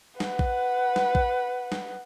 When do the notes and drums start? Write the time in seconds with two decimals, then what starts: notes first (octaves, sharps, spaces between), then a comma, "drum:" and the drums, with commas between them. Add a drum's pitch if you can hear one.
0.20 B4 F#5, drum: snare
0.39 drum: kick A#1
0.96 drum: snare
1.15 drum: kick A#1
1.72 drum: snare